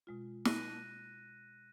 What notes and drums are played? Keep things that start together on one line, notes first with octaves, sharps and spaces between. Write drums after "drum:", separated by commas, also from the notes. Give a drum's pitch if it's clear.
B2 G#3 F4
F#6 A#6 D#7, drum: snare